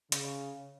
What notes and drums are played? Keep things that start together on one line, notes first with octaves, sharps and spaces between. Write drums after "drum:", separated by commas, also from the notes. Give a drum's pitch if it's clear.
C#3, drum: hi-hat